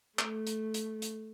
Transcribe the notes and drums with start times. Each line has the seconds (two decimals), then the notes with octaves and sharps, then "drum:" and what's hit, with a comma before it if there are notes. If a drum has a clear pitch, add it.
0.19 A3, drum: clap
0.47 drum: hi-hat
0.74 drum: hi-hat
1.02 drum: hi-hat